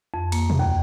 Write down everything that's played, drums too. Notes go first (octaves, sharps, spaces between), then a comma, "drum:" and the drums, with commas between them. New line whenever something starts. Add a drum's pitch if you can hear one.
F2
A#3, drum: cymbal
drum: tom B2
D#2